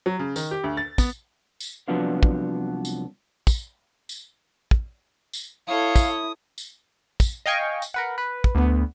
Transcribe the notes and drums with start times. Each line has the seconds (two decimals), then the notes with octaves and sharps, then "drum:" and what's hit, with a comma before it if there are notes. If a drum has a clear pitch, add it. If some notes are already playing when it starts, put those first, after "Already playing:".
0.06 F#3
0.19 C#3
0.36 D#3, drum: tambourine
0.51 G4
0.64 D2
0.77 A6
0.98 B3, drum: kick, tambourine
1.60 drum: tambourine
1.88 C2 F3 F#3 B3 D4 F5
2.23 drum: kick
2.85 drum: tambourine
3.47 drum: kick, tambourine
4.09 drum: tambourine
4.71 drum: kick
5.33 drum: tambourine
5.68 E4 A4 C#5 F5 D#6
5.96 drum: kick, tambourine
6.58 drum: tambourine
7.20 drum: kick, tambourine
7.46 D#5 F5 G5 G#5 C#6
7.82 drum: tambourine
7.94 A#4 B4 F#5
8.18 B4
8.44 drum: kick
8.55 D2 B3